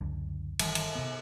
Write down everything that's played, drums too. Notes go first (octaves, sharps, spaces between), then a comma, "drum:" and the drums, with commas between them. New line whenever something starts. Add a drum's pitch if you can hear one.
C#2 F#2 D3
G1 D#3 E3 G3, drum: cymbal
drum: cymbal
C3 B3